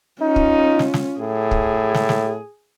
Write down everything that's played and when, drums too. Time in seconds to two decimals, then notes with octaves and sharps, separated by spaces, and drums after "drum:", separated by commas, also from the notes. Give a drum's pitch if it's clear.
0.22 C#4 D#4 F4
0.36 drum: kick
0.79 drum: snare
0.94 drum: snare
1.20 A2 G#4
1.51 drum: kick
1.94 drum: snare
2.09 drum: snare